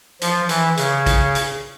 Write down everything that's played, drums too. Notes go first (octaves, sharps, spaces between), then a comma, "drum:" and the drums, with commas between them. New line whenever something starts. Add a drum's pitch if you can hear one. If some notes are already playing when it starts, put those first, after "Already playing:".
F3, drum: hi-hat
E3, drum: hi-hat
C#3, drum: hi-hat
drum: kick A#1, hi-hat
drum: hi-hat